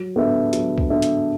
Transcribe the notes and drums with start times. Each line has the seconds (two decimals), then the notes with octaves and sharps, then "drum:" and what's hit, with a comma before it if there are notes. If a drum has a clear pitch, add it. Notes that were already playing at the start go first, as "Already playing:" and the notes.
Already playing: F#3
0.16 B3 D4 A4 E5
0.53 F#3, drum: hi-hat
0.78 drum: kick C2
0.90 B3 D4 A4 E5
1.02 drum: hi-hat